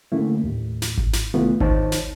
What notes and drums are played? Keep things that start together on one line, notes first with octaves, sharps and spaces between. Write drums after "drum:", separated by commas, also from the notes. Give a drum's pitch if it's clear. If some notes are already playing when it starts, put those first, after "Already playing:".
D3 A3 A#3 C#4 E4
D#2 A2
drum: snare
drum: kick G#1
drum: snare
C3 D#3 A3 B3 E4 F4
C#2 D#3 D#4 C5 C#5 A5, drum: kick G#1
drum: snare